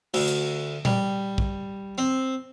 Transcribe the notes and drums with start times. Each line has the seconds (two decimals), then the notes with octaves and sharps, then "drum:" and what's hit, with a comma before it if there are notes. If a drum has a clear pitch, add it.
0.14 D2, drum: cymbal
0.28 drum: hi-hat
0.85 G3, drum: tom A#2
1.38 drum: kick
1.98 C4